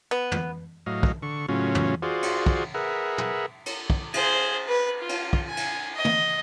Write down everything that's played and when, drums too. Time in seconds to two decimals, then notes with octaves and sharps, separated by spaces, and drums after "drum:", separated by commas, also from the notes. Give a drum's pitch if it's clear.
0.11 B3
0.31 drum: tom
0.86 A2 F#3 D#5 F5
1.03 drum: kick
1.22 D3 C#6
1.49 A2 C#3 F#3 C#4 F4
1.75 drum: tom
2.02 F4 F#4 G#4 C5 D5
2.23 drum: cymbal
2.46 drum: kick
2.74 G#4 A#4 B4 E5 F#5
3.18 drum: tom
3.66 drum: cymbal
3.90 drum: kick
4.14 G#4 C5, drum: cymbal
4.69 B4
5.00 F4
5.09 drum: cymbal
5.33 drum: kick
5.48 G#5
5.57 drum: cymbal
5.95 D#5
6.05 drum: tom